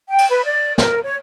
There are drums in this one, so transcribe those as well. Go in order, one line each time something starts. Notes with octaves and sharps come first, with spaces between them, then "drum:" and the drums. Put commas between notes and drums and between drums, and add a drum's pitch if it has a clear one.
G5
drum: cymbal
B4
D5
A#4, drum: snare
C#5